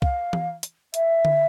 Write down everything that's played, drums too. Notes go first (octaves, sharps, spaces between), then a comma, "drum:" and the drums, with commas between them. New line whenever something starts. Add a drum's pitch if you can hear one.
F5, drum: kick
drum: tom E3
drum: hi-hat
E5, drum: hi-hat
drum: tom D3